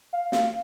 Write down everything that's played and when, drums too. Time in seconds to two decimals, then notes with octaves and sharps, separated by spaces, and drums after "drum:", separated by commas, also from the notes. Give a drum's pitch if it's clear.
0.13 F5
0.32 F5, drum: snare